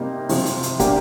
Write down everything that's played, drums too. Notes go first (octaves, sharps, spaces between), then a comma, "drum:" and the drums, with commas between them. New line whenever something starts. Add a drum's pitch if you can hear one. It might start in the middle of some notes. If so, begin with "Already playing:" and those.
Already playing: C3 G3 A#3 D#4 G4
C3 F3 G#3, drum: open hi-hat
drum: hi-hat
drum: hi-hat
A#2 G3 A#3 D4 G4, drum: kick, hi-hat